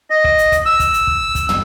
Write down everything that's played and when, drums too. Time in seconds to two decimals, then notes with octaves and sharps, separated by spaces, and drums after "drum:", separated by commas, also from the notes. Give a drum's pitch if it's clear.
0.10 D#5
0.24 drum: kick
0.38 drum: hi-hat
0.52 drum: kick, hi-hat
0.66 E6
0.80 drum: kick, hi-hat
0.93 drum: hi-hat
1.07 drum: kick
1.35 drum: kick, hi-hat
1.49 drum: tom